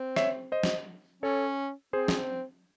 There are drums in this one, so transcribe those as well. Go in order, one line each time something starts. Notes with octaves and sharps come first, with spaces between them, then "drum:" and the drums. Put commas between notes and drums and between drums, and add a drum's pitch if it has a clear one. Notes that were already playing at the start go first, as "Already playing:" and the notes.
Already playing: C4
C#5 E5, drum: rim click
C5 D#5
drum: snare
C#4 A4 C#5
C4 G#4 C5
drum: snare